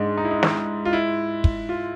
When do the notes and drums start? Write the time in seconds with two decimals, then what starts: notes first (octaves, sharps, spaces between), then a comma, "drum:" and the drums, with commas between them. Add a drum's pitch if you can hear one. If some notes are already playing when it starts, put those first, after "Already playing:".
Already playing: G#2 D4
0.17 D#4
0.25 E4
0.31 D#4
0.43 drum: snare
0.85 F4
0.93 E4
1.44 drum: kick
1.69 F4